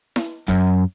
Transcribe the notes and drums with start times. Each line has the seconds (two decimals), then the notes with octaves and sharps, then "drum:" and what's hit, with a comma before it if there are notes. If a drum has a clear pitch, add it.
0.16 drum: snare E4
0.48 F#2, drum: kick